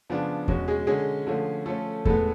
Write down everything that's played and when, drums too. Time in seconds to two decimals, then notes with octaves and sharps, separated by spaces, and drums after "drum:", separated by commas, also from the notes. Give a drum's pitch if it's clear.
0.10 C#3 F3 B3 D4
0.48 B2 G#3 C#4 F#4, drum: kick E2
0.68 G#3 G#4
0.87 D3 G#3 C#4 G#4
1.27 D3 F3 A3 C#4
1.65 F3 A3 C#4 A4
2.05 A2 G#3 A3 B3 A4, drum: kick E2